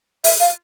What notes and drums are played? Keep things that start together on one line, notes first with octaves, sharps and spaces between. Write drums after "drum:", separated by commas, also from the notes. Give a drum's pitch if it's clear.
E5, drum: open hi-hat
F5